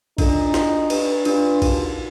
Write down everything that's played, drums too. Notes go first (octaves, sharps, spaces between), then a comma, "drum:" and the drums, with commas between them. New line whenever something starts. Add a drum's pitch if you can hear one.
D4 D#4 F4 A4, drum: kick A#1, cymbal
D4 F4 A4, drum: snare
D4 G4 B4, drum: cymbal
D4 F4 G4 B4, drum: cymbal
D#4 F#4 A#4, drum: kick A#1, cymbal